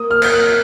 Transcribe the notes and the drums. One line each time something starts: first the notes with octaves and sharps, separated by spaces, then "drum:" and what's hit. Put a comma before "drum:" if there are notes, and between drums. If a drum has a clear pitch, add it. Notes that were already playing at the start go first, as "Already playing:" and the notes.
Already playing: A#3 D#6
F6
A#3 G6, drum: cymbal
F#6